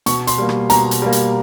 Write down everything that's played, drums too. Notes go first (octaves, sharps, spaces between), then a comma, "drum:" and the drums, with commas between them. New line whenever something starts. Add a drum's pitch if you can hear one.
B2 C#6, drum: hi-hat
C6, drum: hi-hat
G3 A#3
drum: rim click
B2 A#5, drum: hi-hat
drum: hi-hat
G3 A#3
drum: hi-hat